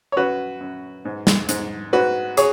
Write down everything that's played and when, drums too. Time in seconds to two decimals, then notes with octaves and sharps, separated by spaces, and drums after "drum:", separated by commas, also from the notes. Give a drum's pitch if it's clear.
0.12 C#5
0.16 F#2 F#4 B4
0.61 F#2
1.05 G#2
1.27 drum: snare
1.49 G#2, drum: hi-hat
1.93 G#2 F#4 B4
2.37 G#4 C#5, drum: hi-hat